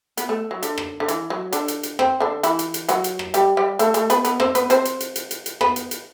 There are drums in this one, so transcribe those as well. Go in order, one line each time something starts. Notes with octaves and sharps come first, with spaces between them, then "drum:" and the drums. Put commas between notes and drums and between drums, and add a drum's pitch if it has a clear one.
B3, drum: hi-hat
A3
F#3
D3, drum: hi-hat
drum: rim click
D3
E3, drum: hi-hat
F#3
D3 D4, drum: hi-hat
drum: hi-hat
drum: hi-hat
C4, drum: rim click
D3 D4
E3 E4, drum: hi-hat
drum: hi-hat
drum: hi-hat
F#3 F#4, drum: hi-hat
drum: hi-hat
drum: rim click
G3 G4, drum: hi-hat
G3 G4
A3 A4, drum: hi-hat
A3 A4, drum: hi-hat
B3 B4, drum: hi-hat
B3 B4, drum: hi-hat
C4 C5, drum: rim click
B3 B4, drum: hi-hat
C4 C5, drum: hi-hat
drum: hi-hat
drum: hi-hat
drum: hi-hat
drum: hi-hat
drum: hi-hat
B3 B4, drum: rim click
drum: hi-hat
drum: hi-hat